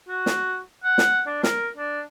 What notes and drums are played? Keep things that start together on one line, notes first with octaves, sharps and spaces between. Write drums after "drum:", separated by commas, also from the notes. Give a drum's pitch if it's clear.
F#4
drum: snare
F#5
drum: snare
D4
A#4, drum: snare
D4